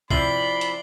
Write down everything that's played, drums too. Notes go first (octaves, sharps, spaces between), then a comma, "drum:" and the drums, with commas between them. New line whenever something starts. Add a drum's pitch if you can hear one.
C3 F3 E4 D5 B5 C7 F#7 G7, drum: kick
drum: hi-hat